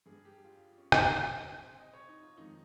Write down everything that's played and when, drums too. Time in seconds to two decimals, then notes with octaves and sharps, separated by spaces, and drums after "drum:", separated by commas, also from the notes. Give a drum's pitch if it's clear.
0.06 G2 G3 G#4
0.25 G4
0.44 F4
0.78 C#4
0.92 C#4, drum: rim click
1.07 C5
1.21 C3 G3 D#5
1.60 C5
1.79 D#5
1.93 C#5
2.09 D#4
2.23 F4
2.37 F2 D#3 G#3 D#4